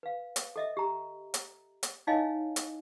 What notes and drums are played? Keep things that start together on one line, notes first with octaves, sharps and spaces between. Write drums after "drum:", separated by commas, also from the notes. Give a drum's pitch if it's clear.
B4 F5
drum: hi-hat
A4 D#5 E5
G4 A#5
drum: hi-hat
drum: hi-hat
D#4 E4 C#5 D#5 F5 G#5
drum: hi-hat